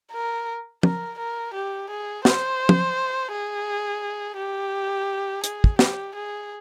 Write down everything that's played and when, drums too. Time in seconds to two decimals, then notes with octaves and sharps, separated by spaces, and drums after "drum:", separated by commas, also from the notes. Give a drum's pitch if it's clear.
0.13 A#4
0.83 A#4, drum: tom
1.19 A#4
1.54 G4
1.90 G#4
2.25 C5, drum: snare
2.69 drum: tom
3.32 G#4
4.37 G4
5.44 G#4, drum: hi-hat
5.64 drum: kick
5.79 G4, drum: snare
6.15 G#4